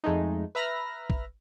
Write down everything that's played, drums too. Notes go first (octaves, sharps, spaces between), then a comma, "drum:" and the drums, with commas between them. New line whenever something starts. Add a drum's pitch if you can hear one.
F2 G#3 A3 D#4
B4 E5 A#5 B5 F6 A#6
drum: kick A#1